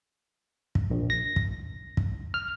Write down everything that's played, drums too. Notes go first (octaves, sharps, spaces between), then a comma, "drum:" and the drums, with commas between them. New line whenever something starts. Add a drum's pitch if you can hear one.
drum: kick
A#1
A#6
drum: kick
drum: kick
F6